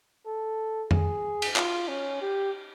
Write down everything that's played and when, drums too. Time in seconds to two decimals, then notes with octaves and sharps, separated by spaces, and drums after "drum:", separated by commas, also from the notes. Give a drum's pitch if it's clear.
0.26 A4
0.91 G#4, drum: tom F2
1.42 drum: cymbal
1.56 F4, drum: clap
1.88 C#4
2.21 G4